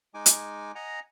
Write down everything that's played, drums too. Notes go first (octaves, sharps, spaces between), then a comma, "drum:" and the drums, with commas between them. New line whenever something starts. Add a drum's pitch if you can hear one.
G#3 D#4 G#5 D6
drum: hi-hat
D#5 F#5 G#5 A#5